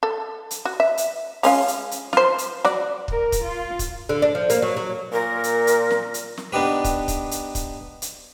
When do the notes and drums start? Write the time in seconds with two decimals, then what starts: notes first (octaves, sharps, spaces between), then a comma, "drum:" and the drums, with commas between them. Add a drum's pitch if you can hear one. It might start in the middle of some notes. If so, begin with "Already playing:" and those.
0.03 A4
0.51 drum: hi-hat
0.65 F#4
0.80 E5
0.98 drum: hi-hat
1.43 G#3 C#4 F4, drum: open hi-hat
1.68 drum: hi-hat
1.91 drum: hi-hat
2.13 F4 C5, drum: snare
2.38 drum: hi-hat
2.65 F#4 D5, drum: snare
3.08 A#4, drum: kick
3.32 drum: kick, hi-hat
3.43 F4
3.79 drum: kick, hi-hat
4.09 D3
4.22 D4
4.35 F3
4.50 A#3, drum: hi-hat
4.62 F#3
4.77 F#3
5.13 A#2 A#4
5.44 drum: hi-hat
5.67 drum: hi-hat
5.91 drum: snare
6.14 drum: hi-hat
6.37 drum: snare
6.53 B3 D4 D#4 G4 B4
6.84 drum: kick, hi-hat
7.08 drum: kick, hi-hat
7.31 drum: hi-hat
7.55 drum: kick, hi-hat
8.02 drum: hi-hat